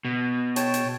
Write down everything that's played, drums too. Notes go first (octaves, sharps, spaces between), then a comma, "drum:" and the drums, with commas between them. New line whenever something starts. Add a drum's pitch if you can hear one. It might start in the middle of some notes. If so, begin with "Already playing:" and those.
B2
C#5 G5 A5, drum: hi-hat
drum: hi-hat